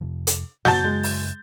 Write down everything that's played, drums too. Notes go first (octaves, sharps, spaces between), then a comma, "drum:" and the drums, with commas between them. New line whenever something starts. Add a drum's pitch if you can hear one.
F2 C3 F3
drum: hi-hat
F#2 C#3 F#3 A5 G6 A6, drum: snare
G#3
drum: open hi-hat